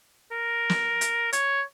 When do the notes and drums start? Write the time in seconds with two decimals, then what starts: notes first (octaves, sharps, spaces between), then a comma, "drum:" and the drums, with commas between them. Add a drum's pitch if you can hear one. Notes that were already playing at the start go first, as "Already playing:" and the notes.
0.31 A#4
0.70 drum: snare
1.01 drum: hi-hat
1.33 C#5, drum: hi-hat